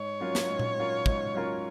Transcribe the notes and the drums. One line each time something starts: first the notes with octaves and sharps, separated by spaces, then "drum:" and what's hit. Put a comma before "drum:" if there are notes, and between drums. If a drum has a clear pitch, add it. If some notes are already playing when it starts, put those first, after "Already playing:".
Already playing: G#2 C#5
F#3 C#4 F4 A#4
drum: snare
G#2
drum: tom A#2
F#3 C#4 F4 A#4
G#2, drum: kick
F#3 C#4 F4 A#4